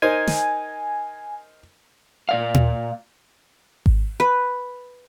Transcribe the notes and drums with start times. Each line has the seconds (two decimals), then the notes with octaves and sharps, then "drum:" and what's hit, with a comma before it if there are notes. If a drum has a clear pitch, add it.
0.02 D#4 A#4 C5 G#5
0.27 drum: snare
2.29 A#2 D5 F5
2.54 drum: tom A#2
3.86 drum: kick G#1
4.20 B4